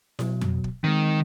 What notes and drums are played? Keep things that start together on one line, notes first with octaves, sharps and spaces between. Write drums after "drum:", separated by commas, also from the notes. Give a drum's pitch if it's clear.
B2 F#3, drum: snare E4
drum: tom F2
drum: kick
D#3 G#3 C4